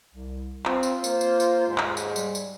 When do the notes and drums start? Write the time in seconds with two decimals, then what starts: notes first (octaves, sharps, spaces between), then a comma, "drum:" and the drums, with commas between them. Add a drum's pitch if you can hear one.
0.14 C2
0.65 C4 F4, drum: clap
0.83 drum: tambourine
1.04 A#3 C5, drum: tambourine
1.21 drum: tambourine
1.40 drum: tambourine
1.68 D#2 G#2
1.78 drum: clap
1.97 drum: tambourine
2.16 G3, drum: tambourine
2.35 drum: tambourine